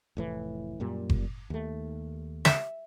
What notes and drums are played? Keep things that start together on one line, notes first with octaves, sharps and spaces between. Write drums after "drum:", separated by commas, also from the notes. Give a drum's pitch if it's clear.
F1 A2 E3
F#2 A#2 G3
drum: kick F#1
D#2 A3
E5, drum: snare